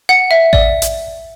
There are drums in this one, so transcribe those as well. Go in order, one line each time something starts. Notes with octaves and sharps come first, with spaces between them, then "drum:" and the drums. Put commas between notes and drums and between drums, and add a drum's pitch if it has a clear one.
F#5
E5
D5, drum: kick A1
drum: hi-hat